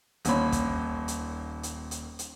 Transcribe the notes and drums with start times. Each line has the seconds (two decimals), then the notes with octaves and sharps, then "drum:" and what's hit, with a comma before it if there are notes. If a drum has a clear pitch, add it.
0.25 D#1 D#2 A#2 C#5 B5, drum: hi-hat
0.52 drum: kick, hi-hat
1.08 drum: hi-hat
1.63 drum: hi-hat
1.91 drum: hi-hat
2.19 drum: hi-hat